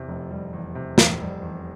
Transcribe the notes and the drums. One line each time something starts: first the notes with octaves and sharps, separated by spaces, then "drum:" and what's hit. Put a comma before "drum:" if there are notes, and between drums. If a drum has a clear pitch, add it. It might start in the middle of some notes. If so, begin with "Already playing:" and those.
Already playing: E2 C3
F1
G3
E2
C3
F1, drum: snare
G3
E2